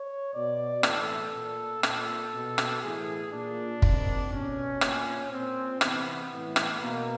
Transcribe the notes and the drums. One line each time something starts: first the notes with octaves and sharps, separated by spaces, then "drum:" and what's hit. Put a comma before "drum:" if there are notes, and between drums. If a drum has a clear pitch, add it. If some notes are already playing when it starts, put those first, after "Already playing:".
Already playing: C#5
B2 D5
A2 E3 A4, drum: rim click
A#2
A#2 A4, drum: rim click
B2
drum: rim click
A2 E3 G#4
A#2 D4
C3 D#3, drum: kick
B2 C#4
A#2, drum: rim click
A#2 C4
C3 E3 B3, drum: rim click
A2 E3
drum: rim click
B2 A#3